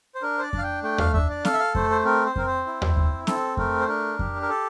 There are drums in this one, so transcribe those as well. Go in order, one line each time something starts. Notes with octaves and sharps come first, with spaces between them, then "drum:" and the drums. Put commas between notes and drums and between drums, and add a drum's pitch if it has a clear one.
C5
D4 A#4
C5
D5
D4, drum: kick F2
F5
G5
A3 G5
F5, drum: tom D#2
D4 E5, drum: kick F2
D5
A4 F5, drum: snare C4
E5
F5
A3 C5, drum: kick F2
C5
C4 A#4
C5
C4 A#4, drum: kick F2
C5
E4
drum: tom D#2
C4, drum: kick F2
C4 A4, drum: snare C4
A3 A#4, drum: kick F2
C5
D4 A#4
G4, drum: kick F2
A#4
A4